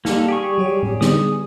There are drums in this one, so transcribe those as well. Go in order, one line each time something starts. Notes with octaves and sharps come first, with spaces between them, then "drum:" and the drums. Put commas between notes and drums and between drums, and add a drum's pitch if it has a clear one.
G3 A#3 A4, drum: snare
G4 G#4 C#6
F#3 F#4 C#5
drum: tom A2
D3 G3 B3 G#4 D#6, drum: snare